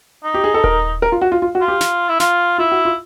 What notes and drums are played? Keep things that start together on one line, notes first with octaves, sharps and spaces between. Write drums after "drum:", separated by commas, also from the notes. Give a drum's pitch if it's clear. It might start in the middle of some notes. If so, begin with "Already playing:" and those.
D#4
G4
G#4
A4
A#4, drum: kick D#1
A#4
F4
F#4
F4
F4
F#4
F4
G4
drum: snare
E4
F4, drum: snare
E4 F4
F#4
F4